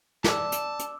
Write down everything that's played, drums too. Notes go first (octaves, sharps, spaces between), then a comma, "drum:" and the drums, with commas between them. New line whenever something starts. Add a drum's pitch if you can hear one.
D4 E5 A5 D6 E6, drum: snare
drum: hi-hat
drum: hi-hat